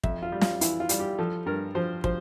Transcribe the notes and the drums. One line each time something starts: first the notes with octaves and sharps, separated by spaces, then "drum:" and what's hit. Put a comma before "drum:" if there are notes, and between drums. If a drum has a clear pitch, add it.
F2 E5, drum: kick
F4
G3
F4, drum: snare
E3 E4, drum: hi-hat
F4
G3, drum: hi-hat
G4
F3 A4
G2 A#4
F3 C5
F3 C5, drum: kick